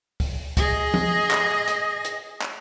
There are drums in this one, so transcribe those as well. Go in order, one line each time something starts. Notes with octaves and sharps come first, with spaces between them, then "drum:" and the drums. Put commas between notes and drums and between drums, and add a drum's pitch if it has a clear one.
drum: kick C#2, open hi-hat
G#4 D#5, drum: kick C#2, hi-hat
drum: tom F3
drum: clap
drum: hi-hat
drum: hi-hat
drum: clap